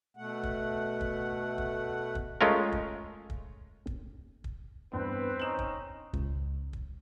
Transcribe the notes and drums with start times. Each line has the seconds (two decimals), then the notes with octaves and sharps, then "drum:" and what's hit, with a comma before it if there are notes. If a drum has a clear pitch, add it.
0.17 B2 A3 F#5
0.43 drum: kick
1.01 drum: kick
1.58 drum: kick
2.15 drum: kick
2.41 G#3 A3 C#4 F4 A#4
2.72 drum: kick
3.30 drum: kick
3.87 drum: kick
4.44 drum: kick
4.93 E2 G2 C4 B4
5.40 C#4 D#4 A#5 E7 F#7
5.59 drum: kick
6.13 C#2, drum: kick
6.73 drum: kick